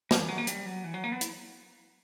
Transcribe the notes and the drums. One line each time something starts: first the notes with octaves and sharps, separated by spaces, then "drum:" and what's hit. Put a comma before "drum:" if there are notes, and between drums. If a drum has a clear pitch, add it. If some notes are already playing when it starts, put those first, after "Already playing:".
F#3, drum: snare
E3
F#3
A#3
G3, drum: hi-hat
F#3
E3
F#3
A#3
B3
E4, drum: hi-hat